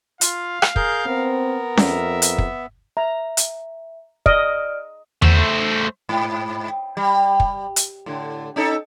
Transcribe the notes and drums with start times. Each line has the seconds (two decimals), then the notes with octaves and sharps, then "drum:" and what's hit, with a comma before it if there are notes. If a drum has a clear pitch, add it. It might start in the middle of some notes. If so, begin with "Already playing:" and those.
0.21 F4 F5, drum: hi-hat
0.62 drum: rim click
0.76 G#4 A#4 G6, drum: kick
1.06 B3 C4 A#4
1.77 F2 E5, drum: snare C#4
2.22 drum: hi-hat
2.38 drum: kick
2.97 E5 A#5
3.37 drum: hi-hat
4.26 D5 D#5 F6 D7, drum: kick
5.22 A3 C5, drum: tom E2
6.09 G#2
6.97 G3
7.40 drum: kick
7.76 drum: hi-hat
8.06 A2 D3
8.56 C#4 D#4 A4